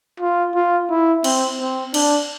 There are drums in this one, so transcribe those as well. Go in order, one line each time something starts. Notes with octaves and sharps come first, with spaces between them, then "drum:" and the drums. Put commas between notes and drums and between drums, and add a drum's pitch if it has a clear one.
F4
F4
E4
C4, drum: cymbal
C4
D4, drum: cymbal